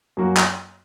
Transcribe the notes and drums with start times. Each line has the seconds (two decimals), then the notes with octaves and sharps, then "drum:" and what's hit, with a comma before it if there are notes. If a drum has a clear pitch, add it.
0.17 F#2 F#3 A#3 F#4
0.37 drum: clap